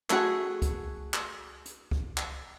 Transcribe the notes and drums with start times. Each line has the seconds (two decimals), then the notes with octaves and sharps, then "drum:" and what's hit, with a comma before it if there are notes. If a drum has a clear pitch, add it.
0.10 A3 F#4 G#4, drum: clap
0.62 drum: kick C#2, hi-hat
1.14 drum: clap
1.65 drum: hi-hat
1.91 drum: kick C#2
2.17 drum: clap